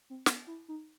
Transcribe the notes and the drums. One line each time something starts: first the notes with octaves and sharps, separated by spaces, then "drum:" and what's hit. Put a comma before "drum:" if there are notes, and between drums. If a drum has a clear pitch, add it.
C4
B3, drum: snare
E4
D#4